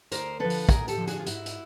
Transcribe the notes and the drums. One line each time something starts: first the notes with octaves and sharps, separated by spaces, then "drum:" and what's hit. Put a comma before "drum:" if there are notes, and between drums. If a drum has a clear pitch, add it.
D2 A#4 C5, drum: hi-hat
D3 F3 A4 B4
drum: open hi-hat
D2 G#4 A#4, drum: kick, hi-hat
G4 A4, drum: hi-hat
D3 F3
F#4 G#4, drum: hi-hat
F4
G#2 E4 F#4, drum: hi-hat
drum: hi-hat